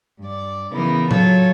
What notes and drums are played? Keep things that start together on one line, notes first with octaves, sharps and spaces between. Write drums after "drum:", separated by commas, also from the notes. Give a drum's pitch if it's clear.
G2 D5
C#3 E3 B3 D#4 A#4
F#3 F4 A4 C#5, drum: tom A2